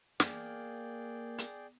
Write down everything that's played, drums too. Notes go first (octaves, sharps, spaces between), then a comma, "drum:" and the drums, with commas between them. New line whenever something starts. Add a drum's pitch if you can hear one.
A#3 G#4 D5 G5, drum: snare
drum: hi-hat